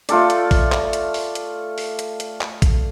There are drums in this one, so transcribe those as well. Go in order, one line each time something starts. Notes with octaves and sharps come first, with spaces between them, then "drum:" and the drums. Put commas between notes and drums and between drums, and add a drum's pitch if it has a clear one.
A3 F4 A4 D5, drum: hi-hat
drum: hi-hat
drum: kick A1, open hi-hat
drum: clap
drum: hi-hat
drum: open hi-hat
drum: hi-hat
drum: open hi-hat
drum: hi-hat
drum: hi-hat
drum: clap
drum: kick A1, hi-hat